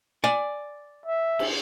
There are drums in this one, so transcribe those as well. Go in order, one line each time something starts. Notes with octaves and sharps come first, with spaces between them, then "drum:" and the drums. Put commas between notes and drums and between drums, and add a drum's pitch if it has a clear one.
D5 G#5
E5
drum: cymbal